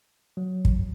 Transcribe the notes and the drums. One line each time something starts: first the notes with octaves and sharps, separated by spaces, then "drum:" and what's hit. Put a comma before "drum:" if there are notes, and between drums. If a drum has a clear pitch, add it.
F#3
drum: kick